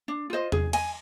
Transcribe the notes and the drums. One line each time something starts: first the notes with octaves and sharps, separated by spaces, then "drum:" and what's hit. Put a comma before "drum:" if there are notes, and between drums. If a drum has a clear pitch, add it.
D4
F4 C5 D#5
G#4, drum: tom E2
D#5 G#5, drum: cymbal